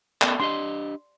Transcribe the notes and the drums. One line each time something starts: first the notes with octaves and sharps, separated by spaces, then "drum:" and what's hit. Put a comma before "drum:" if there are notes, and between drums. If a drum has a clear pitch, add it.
B3 A4 A#4 D5, drum: clap
D4 G4 D#5 C6